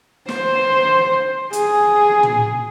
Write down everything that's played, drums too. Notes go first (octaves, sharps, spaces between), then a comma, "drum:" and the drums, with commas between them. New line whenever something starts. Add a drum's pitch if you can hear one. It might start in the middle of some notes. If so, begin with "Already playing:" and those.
C5, drum: snare
G#4, drum: hi-hat
drum: tom